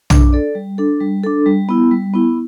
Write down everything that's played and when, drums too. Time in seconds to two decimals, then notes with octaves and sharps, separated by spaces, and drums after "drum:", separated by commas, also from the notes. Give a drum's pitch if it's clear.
0.10 D4, drum: tom
0.33 A4 D5
0.55 G3
0.78 D4 A4
1.01 G3
1.24 D4 A4
1.46 G3
1.69 B3 E4
1.91 G3
2.14 B3 E4